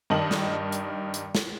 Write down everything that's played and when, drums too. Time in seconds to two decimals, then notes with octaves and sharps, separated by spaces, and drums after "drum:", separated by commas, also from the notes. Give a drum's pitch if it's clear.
0.10 G2 D#3 D#5 A5 F#7
0.31 drum: snare
0.72 drum: hi-hat
1.14 drum: hi-hat
1.35 drum: snare